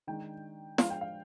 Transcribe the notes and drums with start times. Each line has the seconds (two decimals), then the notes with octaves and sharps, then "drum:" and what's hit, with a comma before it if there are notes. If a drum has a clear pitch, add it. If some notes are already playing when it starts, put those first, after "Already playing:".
0.07 D#3 G#3 D4 G5
0.78 F3 G#3 D4 F5, drum: snare
0.90 G5
1.01 F5